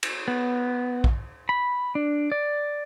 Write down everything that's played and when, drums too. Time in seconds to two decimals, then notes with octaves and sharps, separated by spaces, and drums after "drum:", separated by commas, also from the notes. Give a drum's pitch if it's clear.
0.03 drum: cymbal
0.28 B3
1.04 drum: kick
1.49 B5
1.95 D4
2.32 D5